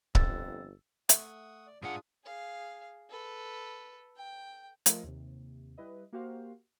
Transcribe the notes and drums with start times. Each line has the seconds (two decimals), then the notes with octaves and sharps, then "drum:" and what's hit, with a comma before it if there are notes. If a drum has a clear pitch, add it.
0.15 G1 F2 E6 A6, drum: kick C#1
1.09 A3 E5 F#5 D#6, drum: hi-hat
1.67 D5
1.83 G#2 D4 D#4 F4 G#4 A#4 F#5 D#6
2.24 G#4 F5
3.09 A4 B4
4.16 G5
4.86 F3 A3 F4 A4 A#4 D#5, drum: hi-hat
5.03 D#2 C3
5.78 G3 E4 B4 D#5
6.13 A#3 F#4 G4 C5 F5